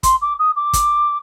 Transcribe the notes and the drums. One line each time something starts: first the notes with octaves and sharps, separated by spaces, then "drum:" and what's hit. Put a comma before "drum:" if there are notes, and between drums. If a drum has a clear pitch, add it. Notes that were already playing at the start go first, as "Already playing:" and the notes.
C6, drum: kick, hi-hat
D6
D#6
D6
drum: kick, hi-hat